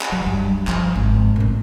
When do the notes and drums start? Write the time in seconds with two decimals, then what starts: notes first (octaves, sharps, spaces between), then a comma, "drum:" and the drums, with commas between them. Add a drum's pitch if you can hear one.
0.02 drum: clap
0.12 F#3
0.26 G2
0.67 F3, drum: clap
0.96 G#1
1.36 A2 C4